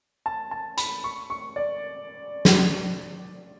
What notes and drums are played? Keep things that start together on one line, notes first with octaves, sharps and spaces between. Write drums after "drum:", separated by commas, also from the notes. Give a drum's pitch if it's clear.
A5
A5
B5, drum: hi-hat
C#6
C#6
D5
drum: snare